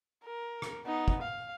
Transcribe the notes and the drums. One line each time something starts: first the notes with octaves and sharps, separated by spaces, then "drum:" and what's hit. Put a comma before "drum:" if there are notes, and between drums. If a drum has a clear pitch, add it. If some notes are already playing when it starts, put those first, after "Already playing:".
A#4
drum: rim click
B3 D#4
drum: kick
F5